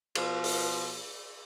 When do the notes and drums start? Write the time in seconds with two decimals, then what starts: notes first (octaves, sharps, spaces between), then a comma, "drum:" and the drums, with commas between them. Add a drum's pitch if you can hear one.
0.15 B2 F3, drum: cymbal
0.44 drum: open hi-hat